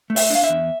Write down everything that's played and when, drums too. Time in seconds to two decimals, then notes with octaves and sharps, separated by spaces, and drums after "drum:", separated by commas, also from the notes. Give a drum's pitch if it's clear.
0.10 A3
0.16 E5, drum: open hi-hat
0.30 D4 F5
0.44 E5
0.49 E2